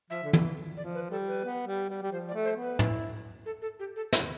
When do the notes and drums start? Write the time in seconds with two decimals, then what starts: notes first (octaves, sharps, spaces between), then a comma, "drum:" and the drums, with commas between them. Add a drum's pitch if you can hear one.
0.10 F3 E5
0.23 D3
0.33 E3, drum: tom
0.77 F3 D5
0.95 B4
1.10 G3 A4
1.28 B4
1.45 B3
1.67 G3
1.89 G3
2.02 G3
2.12 F3 C5
2.29 D5
2.34 A3
2.44 C5
2.56 B3
2.61 B4
2.79 E4, drum: tom
3.46 A4
3.62 A4
3.80 G4
3.96 A4
4.13 E4, drum: snare